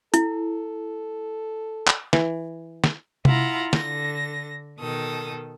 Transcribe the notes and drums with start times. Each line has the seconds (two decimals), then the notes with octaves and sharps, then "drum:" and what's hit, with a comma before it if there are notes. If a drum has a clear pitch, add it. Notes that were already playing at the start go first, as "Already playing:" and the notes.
0.14 E4 A4, drum: hi-hat
1.87 drum: clap
2.13 E3, drum: snare
2.84 drum: snare
3.25 E4 F4 F#5 A#5, drum: tom C3
3.73 D3 A#6, drum: snare
4.80 B2 D#3 A4 D#6